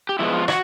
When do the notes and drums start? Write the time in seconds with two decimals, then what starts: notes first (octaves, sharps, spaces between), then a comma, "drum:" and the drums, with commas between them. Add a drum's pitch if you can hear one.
0.09 G4
0.19 D3 F3 G#3 B3 E4
0.33 F4
0.48 F#4, drum: rim click